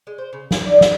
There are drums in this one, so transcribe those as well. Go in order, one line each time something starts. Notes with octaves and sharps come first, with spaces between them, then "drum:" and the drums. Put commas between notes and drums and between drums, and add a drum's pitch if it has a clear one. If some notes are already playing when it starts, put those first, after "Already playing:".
G#3
C5
C#3
G#4, drum: snare
D5
G#3, drum: snare